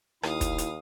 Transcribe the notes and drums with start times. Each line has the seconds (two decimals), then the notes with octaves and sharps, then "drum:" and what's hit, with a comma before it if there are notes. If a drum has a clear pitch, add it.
0.23 D#2 E4 F5 D#6, drum: rim click
0.41 drum: kick, hi-hat
0.58 drum: hi-hat